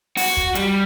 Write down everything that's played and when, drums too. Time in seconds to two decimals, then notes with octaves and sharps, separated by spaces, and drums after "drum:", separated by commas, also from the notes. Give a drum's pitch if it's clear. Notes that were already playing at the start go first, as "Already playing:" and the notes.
0.17 F#4, drum: open hi-hat
0.37 drum: kick
0.55 G3, drum: hi-hat